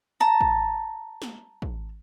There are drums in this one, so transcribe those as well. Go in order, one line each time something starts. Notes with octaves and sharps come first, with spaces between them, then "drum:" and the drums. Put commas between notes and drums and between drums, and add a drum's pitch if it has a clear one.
A5 A#5
drum: kick
drum: snare
drum: kick